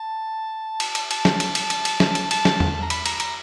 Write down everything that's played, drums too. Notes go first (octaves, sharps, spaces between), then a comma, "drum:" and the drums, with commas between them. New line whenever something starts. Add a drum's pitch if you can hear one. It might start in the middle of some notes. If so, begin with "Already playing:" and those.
Already playing: A5
drum: cymbal
drum: cymbal
A5, drum: cymbal
drum: snare
drum: cymbal
drum: cymbal
drum: cymbal
drum: cymbal
drum: snare
drum: cymbal
A5, drum: cymbal
drum: snare
drum: tom E2
A#5
B5, drum: cymbal
A#5, drum: cymbal
A#5, drum: cymbal